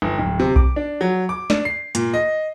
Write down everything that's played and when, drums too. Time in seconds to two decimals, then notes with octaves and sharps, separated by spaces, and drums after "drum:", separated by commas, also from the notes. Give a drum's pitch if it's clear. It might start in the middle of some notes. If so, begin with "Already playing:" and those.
0.02 G1
0.18 D1
0.39 C3
0.56 D6, drum: kick B1
0.76 D4
1.01 F#3
1.29 D6
1.50 D4, drum: snare
1.65 C7
1.95 A#2, drum: hi-hat
2.14 D#5